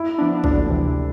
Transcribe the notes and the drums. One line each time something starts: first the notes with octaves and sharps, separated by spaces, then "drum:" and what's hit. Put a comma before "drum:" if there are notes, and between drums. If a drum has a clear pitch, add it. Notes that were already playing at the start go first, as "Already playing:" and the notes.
Already playing: E4
F3 B3 D4
D2 D4, drum: kick
C3 E3